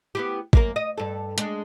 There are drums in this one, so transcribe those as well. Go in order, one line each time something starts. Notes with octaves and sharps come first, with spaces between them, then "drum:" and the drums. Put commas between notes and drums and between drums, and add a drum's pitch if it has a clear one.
B3 E4 G4
F#2 A#3 A#4, drum: kick
D#5
G2 A4
G#3 D4, drum: hi-hat